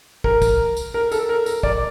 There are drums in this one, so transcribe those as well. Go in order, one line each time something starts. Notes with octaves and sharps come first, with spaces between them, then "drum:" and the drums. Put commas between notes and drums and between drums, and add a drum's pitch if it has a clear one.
A#4, drum: kick
drum: kick, tambourine
drum: tambourine
A#4
A4, drum: tambourine
A#4
A#4, drum: tambourine
D5, drum: kick